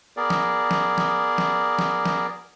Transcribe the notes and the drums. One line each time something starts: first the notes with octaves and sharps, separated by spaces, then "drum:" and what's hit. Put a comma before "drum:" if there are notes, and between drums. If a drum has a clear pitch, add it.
B3 G#4 A#4 D5
drum: snare
drum: snare
drum: snare
drum: snare
drum: snare
drum: snare